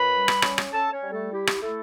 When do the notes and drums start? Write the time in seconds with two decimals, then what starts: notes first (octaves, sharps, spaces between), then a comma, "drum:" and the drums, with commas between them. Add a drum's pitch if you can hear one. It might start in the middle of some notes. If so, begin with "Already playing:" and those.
Already playing: F#2 B4 B5
0.14 G3
0.28 drum: rim click
0.42 C#4, drum: rim click
0.58 drum: rim click
0.73 C#4 A4 A5
0.93 C#4 C#5
1.02 G3
1.12 A3 A4
1.32 E4 G4
1.47 drum: rim click
1.62 A3 E4 A4